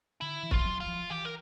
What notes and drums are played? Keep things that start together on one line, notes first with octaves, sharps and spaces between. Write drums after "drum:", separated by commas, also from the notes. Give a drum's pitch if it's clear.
D3 E4
E3
F4, drum: kick
F#3
F4
F3
E3 G4
A#4